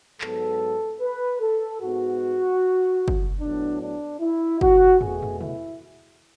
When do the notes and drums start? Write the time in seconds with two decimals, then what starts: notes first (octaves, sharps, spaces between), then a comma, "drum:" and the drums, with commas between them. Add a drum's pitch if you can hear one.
0.21 G#2 F#3 B3 A4, drum: clap
1.01 B4
1.41 A4
1.81 G#2 G#3 B3 F#4
3.08 drum: kick
3.41 A2 F#3 B3 D4
3.81 D4
4.20 E4
4.61 F#4, drum: kick
5.01 B2 A3 G#4, drum: tom
5.23 drum: tom
5.41 E4, drum: tom